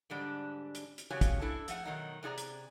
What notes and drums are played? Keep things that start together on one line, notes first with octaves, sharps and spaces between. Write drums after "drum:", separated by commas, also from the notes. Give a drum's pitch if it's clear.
G#2 D3 G3 D4
drum: hi-hat
drum: hi-hat
G2 C#3 F#4 G4 C#5 G#5
drum: kick, hi-hat
D4 E4 A4
F3 A3 G#4 F#5, drum: hi-hat
B2 D#3 F#3 D#4
C3 D#4 G#4 D5 A#5
drum: hi-hat